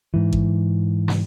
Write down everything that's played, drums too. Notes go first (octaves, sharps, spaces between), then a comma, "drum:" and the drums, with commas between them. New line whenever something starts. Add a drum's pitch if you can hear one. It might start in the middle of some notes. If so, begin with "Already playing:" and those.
G#2 E3
drum: kick A1
drum: snare